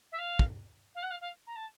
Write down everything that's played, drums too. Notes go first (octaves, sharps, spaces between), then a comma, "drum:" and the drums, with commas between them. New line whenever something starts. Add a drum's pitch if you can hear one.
E5
F5
drum: kick
F5
F#5
F5
F5
A#5
A5